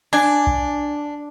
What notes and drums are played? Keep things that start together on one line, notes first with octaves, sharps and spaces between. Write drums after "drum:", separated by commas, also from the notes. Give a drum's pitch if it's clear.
D4 D5 G#5
drum: kick B1